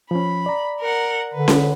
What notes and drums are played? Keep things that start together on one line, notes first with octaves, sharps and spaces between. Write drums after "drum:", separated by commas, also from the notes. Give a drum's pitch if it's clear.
F3 C#4 B5
D5 A#5
A#4 F#5
D3 B4
drum: snare C#4